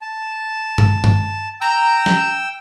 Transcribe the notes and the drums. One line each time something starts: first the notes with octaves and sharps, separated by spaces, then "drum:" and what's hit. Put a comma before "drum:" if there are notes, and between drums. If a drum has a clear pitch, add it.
A5
drum: tom G2
drum: tom G2
G5 A#5 E6
drum: snare